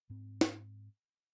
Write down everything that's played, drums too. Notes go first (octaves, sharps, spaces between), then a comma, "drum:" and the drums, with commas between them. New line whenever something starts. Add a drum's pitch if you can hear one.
G#2 C4
drum: snare